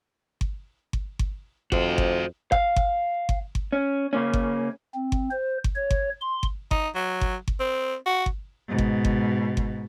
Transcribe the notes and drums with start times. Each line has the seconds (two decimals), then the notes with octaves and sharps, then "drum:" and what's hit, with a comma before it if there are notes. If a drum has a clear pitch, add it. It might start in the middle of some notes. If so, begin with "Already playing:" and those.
0.41 drum: kick G1
0.93 drum: kick G1
1.19 drum: kick G1
1.72 F2 F#4 C5, drum: kick G1
1.98 drum: kick G1
2.52 F5, drum: kick G1
2.76 drum: kick G1
3.29 drum: kick G1
3.55 drum: kick G1
3.73 C#4
4.13 C#3 A#3 C#4
4.33 drum: kick G1
4.94 C4
5.12 drum: kick G1
5.31 C5
5.64 drum: kick G1
5.76 C#5
5.91 drum: kick G1
6.21 C6
6.43 drum: kick G1
6.71 D#4, drum: kick G1
6.95 F#3
7.21 drum: kick G1
7.48 drum: kick G1
7.60 C4
8.06 F#4
8.26 drum: kick G1
8.69 G#2 B2
8.78 drum: kick G1
9.05 drum: kick G1
9.57 drum: kick G1